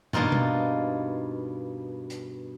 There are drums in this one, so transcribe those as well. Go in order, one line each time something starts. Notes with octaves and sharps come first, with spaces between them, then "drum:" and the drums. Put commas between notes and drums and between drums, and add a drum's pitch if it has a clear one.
G2 B2 A#3 D#4 F4 D5, drum: tom
drum: tom B2
drum: hi-hat